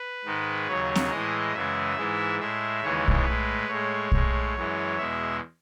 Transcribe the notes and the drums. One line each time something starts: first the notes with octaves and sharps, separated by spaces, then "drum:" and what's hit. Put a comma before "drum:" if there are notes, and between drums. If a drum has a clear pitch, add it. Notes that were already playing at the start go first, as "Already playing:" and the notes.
Already playing: B4
G#2 D#3 G#3
D#2 C#3 F#3 C#5
drum: snare C4
A2 E3 G#3 D#5
F#2 C#3 E3 G#3 E5
G#2 E3 G#3
A2 G#3 E5
D#2 C#3 E3 G#3 C#5
drum: kick
A2 G#3 B4
A2 G#3 C#5
A2 G#3, drum: kick
F#2 E3 G#3
E2 B2 G#3 E5